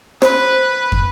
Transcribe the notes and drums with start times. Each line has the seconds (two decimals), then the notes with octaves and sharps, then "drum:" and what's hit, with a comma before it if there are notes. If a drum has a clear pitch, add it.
0.22 B4 C5, drum: rim click
0.92 drum: kick